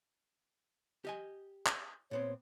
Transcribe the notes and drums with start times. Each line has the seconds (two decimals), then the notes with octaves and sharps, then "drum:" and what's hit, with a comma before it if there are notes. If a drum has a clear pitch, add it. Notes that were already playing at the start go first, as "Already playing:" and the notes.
1.05 G4 D#5 G#5
1.66 drum: clap
2.11 A#2 B3 C4 C#5